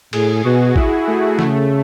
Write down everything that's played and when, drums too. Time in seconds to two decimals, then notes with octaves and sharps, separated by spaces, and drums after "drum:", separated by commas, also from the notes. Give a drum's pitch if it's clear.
0.13 A2 G#4, drum: cymbal
0.44 B2 F#4
0.76 E4, drum: kick A1
1.07 A3
1.39 C#3 A3, drum: snare